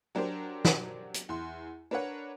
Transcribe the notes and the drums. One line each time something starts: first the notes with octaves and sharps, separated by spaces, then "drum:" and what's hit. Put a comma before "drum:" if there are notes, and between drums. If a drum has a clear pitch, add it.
F#3 D4 G4 A#4 C5 D5
drum: snare
drum: hi-hat
E2 C6
D4 A#4 B4 C#5 F#5